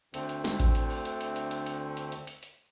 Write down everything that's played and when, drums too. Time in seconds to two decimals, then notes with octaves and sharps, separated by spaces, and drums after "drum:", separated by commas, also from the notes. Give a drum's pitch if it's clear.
0.14 D2 D3 A3 C4, drum: hi-hat
0.29 drum: hi-hat
0.44 drum: snare
0.60 drum: kick A1, hi-hat
0.75 drum: hi-hat
0.90 drum: open hi-hat
1.05 drum: hi-hat
1.21 drum: hi-hat
1.36 drum: hi-hat
1.51 drum: hi-hat
1.66 drum: hi-hat
1.97 drum: hi-hat
2.12 drum: hi-hat
2.27 drum: hi-hat
2.43 drum: hi-hat